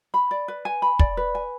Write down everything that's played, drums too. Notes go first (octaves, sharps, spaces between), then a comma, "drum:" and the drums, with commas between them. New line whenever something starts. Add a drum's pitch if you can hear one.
B5
D5
B4
G#5
B5
D5, drum: kick
B4
G#5